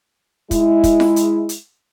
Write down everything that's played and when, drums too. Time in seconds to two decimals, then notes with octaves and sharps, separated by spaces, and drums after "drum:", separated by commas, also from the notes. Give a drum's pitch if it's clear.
0.51 G#3 E4, drum: kick, hi-hat
0.84 drum: kick, hi-hat
1.00 drum: snare F4
1.16 drum: hi-hat
1.49 drum: hi-hat